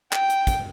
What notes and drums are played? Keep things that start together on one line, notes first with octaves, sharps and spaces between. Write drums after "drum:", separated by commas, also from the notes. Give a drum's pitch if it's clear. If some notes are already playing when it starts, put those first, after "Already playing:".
G5, drum: clap
drum: hi-hat
drum: kick, hi-hat